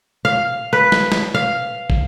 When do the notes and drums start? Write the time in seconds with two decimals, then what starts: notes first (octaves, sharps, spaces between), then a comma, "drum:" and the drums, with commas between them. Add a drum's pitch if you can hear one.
0.25 F5
0.73 B4
0.92 drum: snare
1.12 drum: snare
1.34 F5
1.90 drum: kick